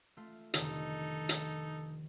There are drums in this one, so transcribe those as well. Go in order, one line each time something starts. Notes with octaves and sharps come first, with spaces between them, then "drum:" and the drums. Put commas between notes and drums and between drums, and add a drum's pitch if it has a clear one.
A3 F4
F1 D3 D#3 D#4 A4, drum: hi-hat
drum: hi-hat